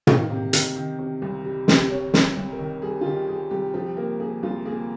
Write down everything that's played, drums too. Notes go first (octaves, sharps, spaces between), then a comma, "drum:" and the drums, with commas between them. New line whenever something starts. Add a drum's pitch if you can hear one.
D#3 F5, drum: tom
C3
D#3, drum: hi-hat
D#3
C3
C2
G3
C3, drum: snare
C3 C#5
C2, drum: snare
C2
A#4
D#3
G3 G#4
F4
D#3 G4
G3 G#4
C2 G4
F3 G4
A#3 A#4
A#3 G#4
C2 F4
A#3 G#4